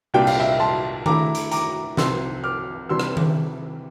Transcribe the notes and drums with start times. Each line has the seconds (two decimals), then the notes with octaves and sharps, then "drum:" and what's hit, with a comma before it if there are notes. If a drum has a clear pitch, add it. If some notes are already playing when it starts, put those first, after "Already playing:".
0.14 C2 A#2 G3 D4 F4 G5
0.27 F5, drum: cymbal
0.39 E5 G5
0.60 A5 C6
1.06 D3 A3 E4 A#5 D6, drum: tom D#3
1.35 drum: hi-hat
1.51 A#5 D6, drum: hi-hat
1.97 C2 C3 F3 C6 E6, drum: snare
2.44 D6 F6
2.89 C3 E3 G3 D4 C6 E6
3.00 drum: rim click
3.17 drum: tom D#3